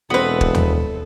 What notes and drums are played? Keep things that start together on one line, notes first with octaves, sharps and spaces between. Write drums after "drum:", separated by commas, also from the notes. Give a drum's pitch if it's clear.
E1 B3 C4 F#4 A4 B4
drum: kick
drum: tom D#2